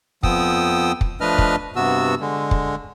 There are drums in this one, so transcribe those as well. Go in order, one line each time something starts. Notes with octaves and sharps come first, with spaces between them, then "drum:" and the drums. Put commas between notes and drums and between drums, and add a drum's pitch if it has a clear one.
F2 F3 B3 G5 D#6 E6, drum: kick
drum: kick
F3 A3 D4 B4 D#5 F6
drum: kick
G2 C3 B3 F#4 E6
D3 G#3
drum: kick